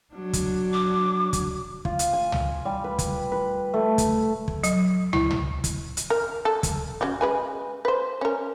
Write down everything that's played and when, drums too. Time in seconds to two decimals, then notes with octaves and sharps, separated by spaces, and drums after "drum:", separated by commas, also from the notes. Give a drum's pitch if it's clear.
0.14 F#3 D4
0.33 drum: kick, hi-hat
0.73 D6
1.33 drum: kick, hi-hat
1.85 F4, drum: kick
1.99 drum: hi-hat
2.13 G#5
2.32 drum: tom
2.65 G3
2.84 B4
2.99 drum: kick, hi-hat
3.32 B4
3.74 A3
3.98 drum: kick, hi-hat
4.48 drum: kick
4.63 F#3, drum: hi-hat
5.13 E4, drum: tom
5.31 drum: tom
5.64 drum: kick, hi-hat
5.97 drum: hi-hat
6.10 A#4
6.45 A4
6.63 drum: kick, hi-hat
7.01 C#4 F#4 G4
7.21 G#3 B4 G#5
7.85 B4 C5
8.21 C#4 A#4